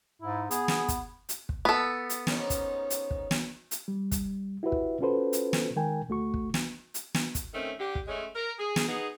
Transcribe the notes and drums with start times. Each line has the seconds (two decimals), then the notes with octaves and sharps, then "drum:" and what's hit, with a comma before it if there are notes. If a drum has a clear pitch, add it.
0.22 G#2 E4
0.51 B3 G#4, drum: hi-hat
0.68 drum: snare
0.88 drum: kick, hi-hat
1.29 drum: hi-hat
1.49 drum: kick
1.65 B3 A4
2.10 drum: hi-hat
2.27 G#2 C#4 D#4, drum: snare
2.50 drum: kick, hi-hat
2.90 drum: hi-hat
3.11 drum: kick
3.31 drum: snare
3.71 drum: hi-hat
3.88 G3
4.12 drum: kick, hi-hat
4.63 E4 F#4 G4 B4 E5
4.72 drum: kick
5.00 C#4 F4 F#4 A4 B4 C5
5.33 drum: hi-hat
5.53 drum: snare
5.76 D#3 G#3 A#4 G5 G#5
6.09 D2 A3 F#4 C#6
6.34 drum: kick
6.54 drum: snare
6.94 drum: hi-hat
7.14 drum: snare
7.35 drum: kick, hi-hat
7.54 D#3 A3 C4 C#4
7.79 D3 G4
7.95 drum: kick
8.08 G#3 A3 C#4
8.36 A#4
8.59 G#4
8.76 drum: snare
8.88 B3 D#4 G#4